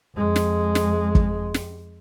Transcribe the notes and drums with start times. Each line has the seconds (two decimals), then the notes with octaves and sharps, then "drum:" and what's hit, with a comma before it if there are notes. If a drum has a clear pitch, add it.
0.16 F2 G#3
0.36 drum: snare
0.75 drum: snare
1.15 drum: kick
1.54 drum: snare